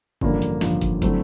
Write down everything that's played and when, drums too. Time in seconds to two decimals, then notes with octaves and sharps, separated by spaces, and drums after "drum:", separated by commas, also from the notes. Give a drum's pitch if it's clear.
0.21 A1 G2 D3 F3 A#3, drum: kick
0.42 drum: hi-hat
0.61 A1 G2 D3 F3 A#3, drum: snare
0.81 drum: kick, hi-hat
1.02 D3 F#3 A3 C4 E4, drum: kick, hi-hat